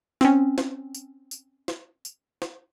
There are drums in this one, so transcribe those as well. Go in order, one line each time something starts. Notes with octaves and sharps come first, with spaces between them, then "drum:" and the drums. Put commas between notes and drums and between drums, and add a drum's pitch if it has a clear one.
C4 C#4, drum: snare
drum: snare
drum: tambourine
drum: tambourine
drum: snare
drum: tambourine
drum: snare